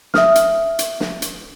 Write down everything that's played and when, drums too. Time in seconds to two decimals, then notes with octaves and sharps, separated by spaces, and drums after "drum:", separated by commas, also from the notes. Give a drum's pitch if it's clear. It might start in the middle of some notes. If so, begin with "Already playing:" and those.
0.14 E5 D#6 F6, drum: snare
0.35 drum: hi-hat
0.79 drum: hi-hat
1.00 drum: snare
1.22 drum: hi-hat